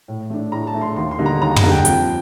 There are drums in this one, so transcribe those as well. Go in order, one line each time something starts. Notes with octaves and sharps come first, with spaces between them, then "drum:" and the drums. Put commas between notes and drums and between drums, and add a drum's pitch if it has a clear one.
A2
A3 D4
A2 A#5
A5
A3 D4
C6
D#2 C6
C6
D3 G3 A#3 D#4
A#5
D#2 A#5
A#5, drum: tom
D3 G3 A#3 D#4
G5
F2 G5, drum: hi-hat